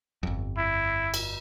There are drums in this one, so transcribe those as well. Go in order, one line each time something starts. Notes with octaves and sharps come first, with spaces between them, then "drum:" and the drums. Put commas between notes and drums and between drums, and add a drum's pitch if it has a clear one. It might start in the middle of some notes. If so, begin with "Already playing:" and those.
G1 F2
E4
drum: cymbal